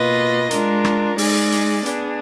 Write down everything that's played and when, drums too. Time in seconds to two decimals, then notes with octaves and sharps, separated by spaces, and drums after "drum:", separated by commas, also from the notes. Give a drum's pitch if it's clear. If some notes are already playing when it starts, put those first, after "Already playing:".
Already playing: B2 A#3 F4 B4 D#5
0.51 G#3 D4 F4 A#4, drum: hi-hat
0.85 drum: rim click
1.18 G#3 D#4 G#4 D5, drum: open hi-hat
1.52 drum: hi-hat
1.86 B3 D4 G#4, drum: hi-hat